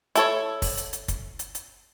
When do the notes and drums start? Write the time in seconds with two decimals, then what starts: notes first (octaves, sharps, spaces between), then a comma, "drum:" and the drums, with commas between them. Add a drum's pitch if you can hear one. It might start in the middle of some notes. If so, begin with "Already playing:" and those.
0.15 E4 A4 C#5, drum: hi-hat
0.62 drum: kick, open hi-hat
0.77 drum: hi-hat
0.93 drum: hi-hat
1.08 drum: kick, hi-hat
1.39 drum: hi-hat
1.55 drum: hi-hat